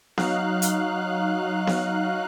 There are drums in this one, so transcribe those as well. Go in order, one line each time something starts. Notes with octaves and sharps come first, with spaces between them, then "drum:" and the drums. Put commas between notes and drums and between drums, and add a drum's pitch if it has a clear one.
F#3 D#4 F5 F#6, drum: snare B3
drum: hi-hat
drum: snare B3